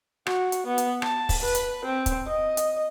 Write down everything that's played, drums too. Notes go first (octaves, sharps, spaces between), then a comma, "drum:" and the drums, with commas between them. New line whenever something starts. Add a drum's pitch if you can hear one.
F#4, drum: rim click
drum: hi-hat
B3
drum: hi-hat
A5, drum: rim click
drum: kick, open hi-hat
B4
drum: hi-hat
C4
drum: kick, hi-hat
D#5
drum: hi-hat